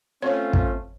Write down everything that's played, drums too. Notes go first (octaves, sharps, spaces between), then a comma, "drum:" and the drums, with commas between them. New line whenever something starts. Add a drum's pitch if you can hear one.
A3 C4 C#4 F4 C#5
drum: kick